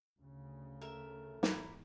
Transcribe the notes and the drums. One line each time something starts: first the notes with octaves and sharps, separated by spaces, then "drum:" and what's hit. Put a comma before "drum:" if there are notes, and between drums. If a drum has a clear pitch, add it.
D2 C#3
A3 A#4 E5
E2 G#2 E4 A#5 D6, drum: snare